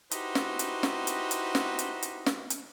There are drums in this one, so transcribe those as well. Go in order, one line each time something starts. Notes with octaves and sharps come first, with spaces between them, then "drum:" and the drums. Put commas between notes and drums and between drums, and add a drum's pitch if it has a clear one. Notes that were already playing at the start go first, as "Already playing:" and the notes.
D#4 E4 F#4 G4 B4 C5, drum: hi-hat
drum: snare
drum: hi-hat
drum: snare
drum: hi-hat
drum: hi-hat
drum: snare
drum: hi-hat
drum: hi-hat
drum: snare
drum: hi-hat